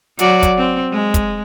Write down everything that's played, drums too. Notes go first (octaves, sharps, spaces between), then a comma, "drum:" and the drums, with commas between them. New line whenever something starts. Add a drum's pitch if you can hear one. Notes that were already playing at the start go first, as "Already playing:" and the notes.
F#3 F#4 D5, drum: hi-hat
drum: kick, hi-hat
C4
G#3
drum: kick, hi-hat